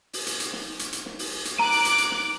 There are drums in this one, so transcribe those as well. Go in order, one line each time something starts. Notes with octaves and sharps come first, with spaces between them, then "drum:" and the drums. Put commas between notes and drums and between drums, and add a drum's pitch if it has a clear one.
drum: open hi-hat
drum: hi-hat
drum: hi-hat
drum: snare
drum: hi-hat
drum: hi-hat
drum: snare
drum: open hi-hat
drum: hi-hat
A#5 D6 F#6 D7 D#7, drum: snare
drum: open hi-hat
drum: hi-hat
drum: hi-hat
drum: snare